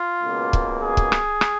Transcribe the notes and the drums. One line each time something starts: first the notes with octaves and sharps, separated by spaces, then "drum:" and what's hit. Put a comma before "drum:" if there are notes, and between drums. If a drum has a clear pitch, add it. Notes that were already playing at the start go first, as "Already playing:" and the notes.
Already playing: F4
C#2 B2 A#3
drum: kick
G#4
drum: kick
drum: rim click
drum: rim click